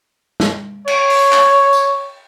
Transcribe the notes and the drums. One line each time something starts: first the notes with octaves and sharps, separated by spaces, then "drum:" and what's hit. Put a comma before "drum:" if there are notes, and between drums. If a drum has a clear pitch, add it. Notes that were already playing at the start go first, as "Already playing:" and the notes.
drum: snare
C#5, drum: cymbal
drum: open hi-hat
drum: clap
drum: tambourine